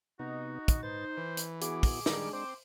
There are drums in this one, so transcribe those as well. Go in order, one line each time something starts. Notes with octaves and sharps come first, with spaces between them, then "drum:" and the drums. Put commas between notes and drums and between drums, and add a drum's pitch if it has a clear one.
C3 B3 D#4 F#4
drum: kick, hi-hat
G#2 B4 C5 A6
E3 B4
drum: hi-hat
B3 E4 F#4 G#4 D6, drum: hi-hat
drum: kick, open hi-hat
D#3 G3 G#3 D4, drum: snare
C4 C5 D6